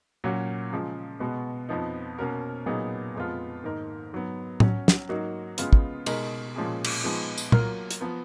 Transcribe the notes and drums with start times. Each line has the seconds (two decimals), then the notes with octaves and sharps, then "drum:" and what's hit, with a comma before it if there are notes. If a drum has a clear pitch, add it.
0.24 A#2 F#3 C#4 F#4
0.72 C#3 F3 G#3
1.20 B2 G#3 B3 F#4
1.69 F2 F3 B3 D#4
2.18 B2 A#3 C#4 F#4 A#4
2.66 A#2 F#3 B3 D#4 G#4
3.15 F2 F3 G#3 B3 F4
3.64 G#2 D#3 A#3 D#4 A#4
4.12 G#2 F#3 B3
4.60 F#3 C#4 F#4, drum: tom A2
4.88 drum: snare
5.09 G#2 F#3 A#3 D#4 F#4
5.58 C#3 G#3 B3 F4, drum: hi-hat
5.73 drum: kick
6.06 B2 G#3 D#4 A#4, drum: cymbal
6.56 A#2 F3 G#3 C#4 G#4
6.84 drum: cymbal
7.03 F3 G#3 B3 D#4
7.38 drum: tambourine
7.52 F#3 A#3 F4 A#4, drum: tom A#2
7.91 drum: hi-hat
8.01 F3 B3